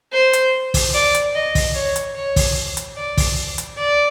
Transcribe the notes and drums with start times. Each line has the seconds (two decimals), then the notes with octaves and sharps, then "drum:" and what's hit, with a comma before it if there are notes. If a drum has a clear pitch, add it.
0.13 C5
0.33 drum: hi-hat
0.74 drum: kick, open hi-hat
0.94 D5
1.15 drum: hi-hat
1.35 D#5
1.55 drum: kick, open hi-hat
1.75 C#5
1.96 drum: hi-hat
2.16 C#5
2.36 drum: kick, open hi-hat
2.77 drum: hi-hat
2.97 D5
3.17 drum: kick, open hi-hat
3.58 drum: hi-hat
3.78 D5